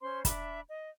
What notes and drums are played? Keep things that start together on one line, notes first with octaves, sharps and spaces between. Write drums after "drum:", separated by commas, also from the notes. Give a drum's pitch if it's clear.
C#4 C5 C6
D4 E5 B5, drum: kick, hi-hat
D#5